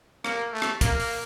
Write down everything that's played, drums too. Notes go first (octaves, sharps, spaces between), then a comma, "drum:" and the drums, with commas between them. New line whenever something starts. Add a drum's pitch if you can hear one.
A#3, drum: rim click
A3
drum: rim click
A#3, drum: kick, hi-hat
drum: open hi-hat